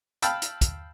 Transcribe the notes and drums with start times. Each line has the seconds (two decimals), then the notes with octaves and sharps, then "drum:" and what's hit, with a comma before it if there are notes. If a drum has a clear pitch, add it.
0.22 F5 G5 A5 B5 E6 F6, drum: hi-hat
0.42 drum: hi-hat
0.61 drum: kick, hi-hat